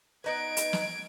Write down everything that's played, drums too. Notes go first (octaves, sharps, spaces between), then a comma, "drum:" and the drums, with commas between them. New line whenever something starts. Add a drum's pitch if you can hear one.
B3 D#4 B4 G#6 D7
drum: hi-hat
drum: snare